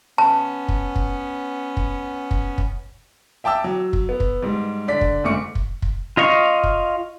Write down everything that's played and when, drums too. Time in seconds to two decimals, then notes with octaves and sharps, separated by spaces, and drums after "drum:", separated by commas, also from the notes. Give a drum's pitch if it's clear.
0.18 B3 C#4 A5
0.69 drum: kick
0.96 drum: kick
1.77 drum: kick
2.31 drum: kick
2.58 drum: kick
3.44 E5 G5 A5 D6 E6
3.64 F#3
3.93 drum: kick
4.09 B3
4.20 drum: kick
4.42 G#2 G3
4.88 D3 D5 B6
5.01 drum: kick
5.24 F#1 G#2 A3 C#6 D6 C#7
5.55 drum: kick
5.82 drum: kick
6.17 F4 D#5 F5 C#6
6.64 drum: kick